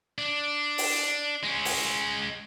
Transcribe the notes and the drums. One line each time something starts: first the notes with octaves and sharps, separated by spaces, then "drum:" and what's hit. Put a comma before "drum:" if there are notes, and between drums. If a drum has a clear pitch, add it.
D4
drum: open hi-hat
G#3 C#4
drum: open hi-hat